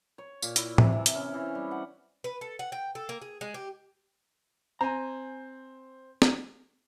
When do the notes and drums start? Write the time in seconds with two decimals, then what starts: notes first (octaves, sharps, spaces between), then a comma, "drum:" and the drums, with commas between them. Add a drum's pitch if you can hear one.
0.18 C#5
0.42 A#2, drum: tambourine
0.56 E4, drum: hi-hat
0.78 C3, drum: tom A2
0.92 E3
1.06 drum: hi-hat
1.15 C#4
1.34 E3
1.55 G3
1.71 F#5
2.24 B4
2.41 A4
2.59 F#5
2.72 G5
2.95 A4
3.09 A#3
3.22 G#4
3.41 G#3
3.54 G4
4.81 C4 G#5 A#5
6.22 drum: snare C4